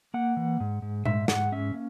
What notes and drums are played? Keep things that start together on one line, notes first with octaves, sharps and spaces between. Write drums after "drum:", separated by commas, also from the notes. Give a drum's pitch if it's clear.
A#3 F#5
E3
G#2
G#2
G#2 E5, drum: tom A#2
G#2 F#5, drum: snare
C#4 E5
A#3